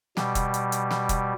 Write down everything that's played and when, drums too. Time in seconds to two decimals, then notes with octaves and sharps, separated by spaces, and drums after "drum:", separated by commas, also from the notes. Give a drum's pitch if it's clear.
0.17 B2 G3, drum: snare
0.35 drum: kick, hi-hat
0.54 drum: hi-hat
0.72 drum: hi-hat
0.91 drum: snare
1.09 drum: kick, hi-hat